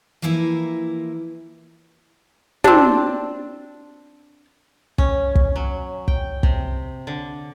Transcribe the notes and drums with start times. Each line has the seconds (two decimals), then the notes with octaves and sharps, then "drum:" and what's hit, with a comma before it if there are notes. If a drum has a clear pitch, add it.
0.22 E3 F3 A#3 E4 A#4 B4
2.64 C4 D4, drum: tom
4.98 C#4, drum: kick
5.35 drum: kick
5.56 F#3
6.08 G5, drum: kick
6.43 C3, drum: kick
7.07 D3